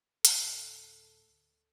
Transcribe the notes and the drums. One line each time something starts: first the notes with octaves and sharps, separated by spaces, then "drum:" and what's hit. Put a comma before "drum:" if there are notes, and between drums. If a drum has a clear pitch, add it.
D2 A2 A4, drum: hi-hat